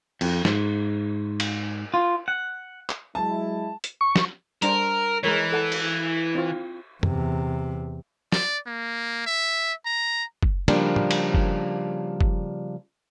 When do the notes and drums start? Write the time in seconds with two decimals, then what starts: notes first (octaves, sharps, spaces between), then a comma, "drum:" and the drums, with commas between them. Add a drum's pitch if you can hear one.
0.21 F2, drum: cymbal
0.45 G#2, drum: snare
1.40 drum: cymbal
1.94 F4
2.28 F#5
2.90 drum: clap
3.15 F#3 G#3 E4 A5
3.84 drum: hi-hat
4.01 C#6
4.16 drum: snare
4.62 G3 D4 A#4 C5, drum: hi-hat
5.23 E3 G#3 A#4 C#5
5.53 A4 F#5 A5
5.72 drum: cymbal
6.35 C4 E4 F4
7.03 E2 C3, drum: tom F#2
8.32 D5, drum: snare
8.66 A#3
9.26 E5
9.86 A#5
10.43 drum: kick
10.68 C#3 F3 G3 A#3 D4, drum: cymbal
10.96 drum: tom
11.11 drum: cymbal
11.34 drum: kick
12.21 drum: kick